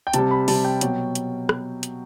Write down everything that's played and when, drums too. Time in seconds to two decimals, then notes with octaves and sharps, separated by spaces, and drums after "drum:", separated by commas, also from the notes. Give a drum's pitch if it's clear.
0.07 G5
0.13 C3 G3 A5, drum: hi-hat
0.31 B5
0.48 C3 G3 A5, drum: open hi-hat
0.65 G5
0.81 B2 F#3, drum: hi-hat
1.15 drum: hi-hat
1.49 drum: rim click
1.83 drum: hi-hat